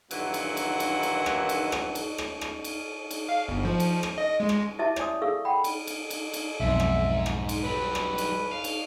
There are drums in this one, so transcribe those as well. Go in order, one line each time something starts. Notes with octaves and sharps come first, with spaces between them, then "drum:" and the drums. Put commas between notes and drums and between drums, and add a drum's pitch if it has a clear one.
G2 A#2 D#3 E3 F#3 F#5, drum: cymbal
drum: cymbal
drum: cymbal
drum: cymbal
drum: cymbal
drum: rim click
drum: cymbal
drum: rim click
drum: cymbal
drum: rim click
drum: rim click
drum: cymbal
drum: cymbal
F5
G1
F3
drum: cymbal
drum: rim click
D#5
G#3
drum: rim click
E4 G4 D#5 E5 A5 D6
C#5 D5 G#5 D#6, drum: rim click
G#4 A4 F5 C#6 E6
F#5 G5 B5
drum: cymbal
drum: cymbal
drum: cymbal
drum: cymbal
B1 F2 G#2 E5
drum: rim click
drum: rim click
drum: cymbal
F#3 G3 B4
drum: rim click
drum: cymbal
F5
drum: cymbal